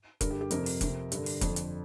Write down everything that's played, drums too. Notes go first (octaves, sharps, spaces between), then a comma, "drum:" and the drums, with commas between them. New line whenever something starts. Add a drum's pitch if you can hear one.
G2 D3 A#4, drum: kick F1, hi-hat
G4
G4
F2 C3 A#4, drum: hi-hat
drum: open hi-hat
F2 C3, drum: kick F1, hi-hat
G2 D3, drum: hi-hat
drum: open hi-hat
F2 D3, drum: kick F1, hi-hat
drum: hi-hat